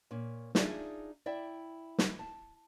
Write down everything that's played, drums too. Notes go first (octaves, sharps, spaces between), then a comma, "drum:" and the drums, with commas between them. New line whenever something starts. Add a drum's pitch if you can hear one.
A#2 C#4
D4 D#4 F4 G#4 D5 E5, drum: snare
E4 D5 E5 G5
drum: snare
A5